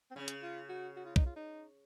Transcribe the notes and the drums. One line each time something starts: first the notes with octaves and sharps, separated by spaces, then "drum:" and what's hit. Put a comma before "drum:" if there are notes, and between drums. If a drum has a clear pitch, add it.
C4
C#3 C#4
drum: hi-hat
F4
F#4
F#4
F4
D#4, drum: kick
F4
D#4